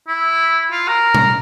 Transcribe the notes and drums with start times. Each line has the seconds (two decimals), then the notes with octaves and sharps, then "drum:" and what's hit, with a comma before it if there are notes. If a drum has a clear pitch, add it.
0.07 E4
0.71 F4
0.88 A#4
1.15 drum: tom